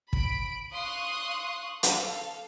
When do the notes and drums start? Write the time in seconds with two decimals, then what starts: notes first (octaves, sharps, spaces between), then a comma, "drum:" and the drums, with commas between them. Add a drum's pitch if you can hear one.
0.13 B5 D7, drum: kick
0.73 F5 C6 C#6 D#6 F#6
1.83 A4 F5, drum: hi-hat